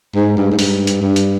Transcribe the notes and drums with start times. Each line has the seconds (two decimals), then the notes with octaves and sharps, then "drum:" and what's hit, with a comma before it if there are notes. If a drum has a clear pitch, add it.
0.15 G#2
0.37 G2
0.51 G#2
0.59 G2, drum: open hi-hat
0.87 drum: hi-hat
1.02 G2
1.16 drum: hi-hat